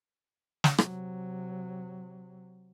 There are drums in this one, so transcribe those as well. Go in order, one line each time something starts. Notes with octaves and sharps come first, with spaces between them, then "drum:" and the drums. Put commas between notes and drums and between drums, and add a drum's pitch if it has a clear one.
drum: snare
C3 F#3, drum: rim click